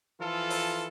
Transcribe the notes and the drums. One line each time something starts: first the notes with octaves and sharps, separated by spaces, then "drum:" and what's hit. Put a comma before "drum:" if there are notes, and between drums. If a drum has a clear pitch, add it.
E3 F3 F4 A4
drum: open hi-hat